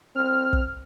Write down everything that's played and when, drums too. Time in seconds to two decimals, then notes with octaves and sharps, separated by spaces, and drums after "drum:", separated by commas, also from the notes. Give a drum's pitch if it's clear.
0.16 C4 F6
0.53 drum: kick